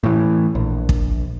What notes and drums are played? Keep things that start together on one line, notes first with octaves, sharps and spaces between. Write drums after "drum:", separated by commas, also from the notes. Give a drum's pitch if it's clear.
A2 E3
A#1
drum: kick